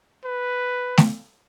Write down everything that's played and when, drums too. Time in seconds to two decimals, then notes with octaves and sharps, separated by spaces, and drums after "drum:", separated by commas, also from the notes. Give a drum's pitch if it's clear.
0.24 B4
0.98 drum: snare A3